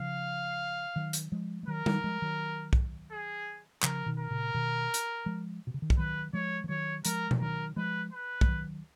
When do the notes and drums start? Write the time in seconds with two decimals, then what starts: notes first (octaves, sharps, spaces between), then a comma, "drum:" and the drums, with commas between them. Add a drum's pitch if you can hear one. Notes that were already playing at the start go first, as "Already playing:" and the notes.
Already playing: C#3 F3 F5
0.96 D#3 F#3
1.13 drum: hi-hat
1.32 F3 G#3
1.63 G#3
1.68 D#3 F#3 A#4
1.86 D#3 F#3, drum: tom G3
2.04 F3 G#3
2.22 D#3 F#3
2.73 drum: kick B1
3.11 G#4
3.83 C#3 F3 A#4, drum: clap
4.06 B2 D#3
4.18 A#4
4.31 A#2 C#3
4.54 B2 D#3
4.94 drum: hi-hat
5.26 F3 G#3
5.67 B2
5.74 C#3
5.82 D#3
5.90 F3, drum: kick B1
5.97 D#3 F#3 B4
6.33 F3 G#3 C#5
6.64 F3
6.69 D#3 F#3 C#5
7.05 F3 G#3 A#4, drum: hi-hat
7.31 F3, drum: tom B2
7.40 D#3 F#3 A#4
7.76 F3 G#3 B4
8.12 B4
8.41 G#3, drum: kick B1
8.48 D#3 F#3